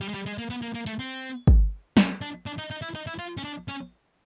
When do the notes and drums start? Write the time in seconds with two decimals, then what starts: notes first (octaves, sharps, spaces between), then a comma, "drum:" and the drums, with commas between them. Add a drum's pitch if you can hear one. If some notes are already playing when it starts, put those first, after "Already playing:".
0.01 G3
0.08 G#3
0.14 G3
0.26 G#3
0.38 A#3
0.50 B3
0.62 A#3
0.74 A#3
0.86 A3, drum: hi-hat
0.99 C4
1.47 drum: kick
1.97 C#4, drum: snare
2.21 D4
2.46 D4
2.58 D#4
2.71 D#4
2.82 E4
2.95 D#4
3.07 E4
3.19 F4
3.37 C#4
3.44 D4
3.68 C#4